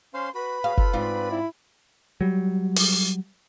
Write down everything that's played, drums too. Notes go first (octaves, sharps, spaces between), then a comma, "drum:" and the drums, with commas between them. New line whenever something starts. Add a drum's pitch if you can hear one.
C#4 C5 F5 C6
F#4 B4 B5
F#4 G#4 F5
F4 A4 F6, drum: kick F#1
G#2 C4 F4 D5
E4
F#3 G3
drum: open hi-hat